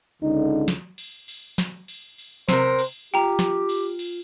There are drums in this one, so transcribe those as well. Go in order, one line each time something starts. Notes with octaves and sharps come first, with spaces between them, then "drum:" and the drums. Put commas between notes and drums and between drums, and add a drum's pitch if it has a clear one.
C#2 D3 D#4
drum: snare
drum: cymbal
drum: cymbal
drum: snare
drum: cymbal
drum: cymbal
C3 A#4 C5, drum: snare
drum: cymbal
F4 G4 G5 A#5
drum: snare
drum: cymbal
drum: cymbal